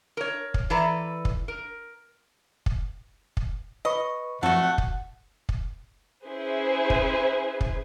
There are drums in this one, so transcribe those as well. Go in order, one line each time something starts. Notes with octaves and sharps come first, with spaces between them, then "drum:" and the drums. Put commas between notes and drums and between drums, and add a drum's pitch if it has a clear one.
A#4 C#5
drum: kick
E3 E4 A4 B4 D5 A#5
drum: kick
A#4
drum: kick
drum: kick
B4 D#5 B5 C#6
F#2 F3 A3 C4 F#4 F#5
drum: kick
drum: kick
C#4 E4 G#4 B4 C5
drum: kick
drum: kick